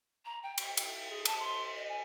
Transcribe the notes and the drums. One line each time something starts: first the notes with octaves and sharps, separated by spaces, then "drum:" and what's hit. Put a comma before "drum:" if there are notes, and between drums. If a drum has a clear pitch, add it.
A#5
G5
drum: cymbal
G5, drum: cymbal
G#4
A5, drum: cymbal
C6
D#5
G#5